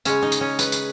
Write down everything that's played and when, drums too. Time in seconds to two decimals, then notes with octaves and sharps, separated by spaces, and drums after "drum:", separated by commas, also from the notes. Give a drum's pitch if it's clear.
0.05 C#3 G#3 C#4, drum: tambourine
0.23 D#4
0.32 drum: tambourine
0.41 C#4
0.59 B4, drum: tambourine
0.72 drum: tambourine